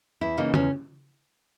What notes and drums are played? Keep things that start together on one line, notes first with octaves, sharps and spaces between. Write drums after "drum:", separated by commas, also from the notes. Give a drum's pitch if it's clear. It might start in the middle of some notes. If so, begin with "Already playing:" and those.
E2 E4
C#3 E3 A#3 D#4
E2 C#4, drum: tom C#3